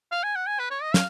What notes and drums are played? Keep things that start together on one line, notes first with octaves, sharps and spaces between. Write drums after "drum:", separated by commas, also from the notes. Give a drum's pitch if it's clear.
F5
G#5
F#5
G#5
B4
C#5
D#5
F5, drum: snare